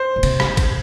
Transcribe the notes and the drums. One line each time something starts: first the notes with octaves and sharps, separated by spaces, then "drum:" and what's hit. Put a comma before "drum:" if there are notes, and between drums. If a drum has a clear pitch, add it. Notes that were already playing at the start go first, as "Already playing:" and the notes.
Already playing: C5
A#2
C3, drum: cymbal
drum: rim click
drum: kick A1, cymbal